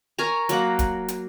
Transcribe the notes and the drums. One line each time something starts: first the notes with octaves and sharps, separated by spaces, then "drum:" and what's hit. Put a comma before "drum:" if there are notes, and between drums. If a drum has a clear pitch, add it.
A#4 C#5 G#5 A#5
F#3 A#3 F#5, drum: hi-hat
drum: kick, hi-hat
drum: hi-hat